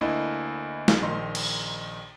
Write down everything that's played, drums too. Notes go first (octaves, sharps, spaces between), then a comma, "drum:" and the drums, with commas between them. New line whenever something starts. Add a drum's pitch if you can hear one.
D2 A#3 D4 E4 D#5
drum: snare
A#1 D#3 D#4 C6
drum: cymbal